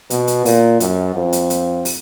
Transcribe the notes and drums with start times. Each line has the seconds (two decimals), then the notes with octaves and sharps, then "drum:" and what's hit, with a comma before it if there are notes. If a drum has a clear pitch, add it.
0.10 B2, drum: hi-hat
0.27 drum: hi-hat
0.45 A#2, drum: open hi-hat
0.80 F#2, drum: hi-hat
1.15 F2
1.33 drum: hi-hat
1.50 drum: hi-hat
1.85 drum: open hi-hat